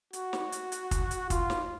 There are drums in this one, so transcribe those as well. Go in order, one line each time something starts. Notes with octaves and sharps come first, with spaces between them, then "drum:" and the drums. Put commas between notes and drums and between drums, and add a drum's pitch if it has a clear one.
F#4, drum: hi-hat
drum: snare
drum: hi-hat
drum: hi-hat
drum: kick, hi-hat
drum: hi-hat
F4, drum: kick, hi-hat
drum: snare